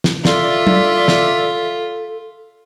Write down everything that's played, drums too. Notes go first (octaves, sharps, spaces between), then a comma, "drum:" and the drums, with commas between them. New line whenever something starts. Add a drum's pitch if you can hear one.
drum: snare
F4 A4 D5 E5, drum: snare
drum: tom
drum: snare